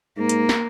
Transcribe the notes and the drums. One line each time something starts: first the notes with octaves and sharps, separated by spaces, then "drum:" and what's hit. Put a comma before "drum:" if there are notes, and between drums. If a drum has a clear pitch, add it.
G#2 A#3
drum: hi-hat
drum: snare